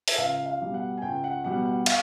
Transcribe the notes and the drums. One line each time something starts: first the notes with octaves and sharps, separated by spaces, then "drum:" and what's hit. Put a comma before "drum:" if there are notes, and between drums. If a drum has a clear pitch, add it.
E5, drum: open hi-hat
C#2 F5
F5
B2 G3
F#5
G#5
C#2 G5
F#5
B2 G3 F#5
F#5
F5, drum: cymbal